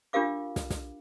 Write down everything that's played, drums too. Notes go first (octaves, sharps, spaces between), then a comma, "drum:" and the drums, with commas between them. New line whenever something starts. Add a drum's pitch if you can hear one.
D4 F4 G4 A#4 F5 D6
drum: snare
drum: snare